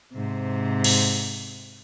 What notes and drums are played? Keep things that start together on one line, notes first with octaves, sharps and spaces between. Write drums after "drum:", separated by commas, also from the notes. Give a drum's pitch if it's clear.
G#2 C3
drum: cymbal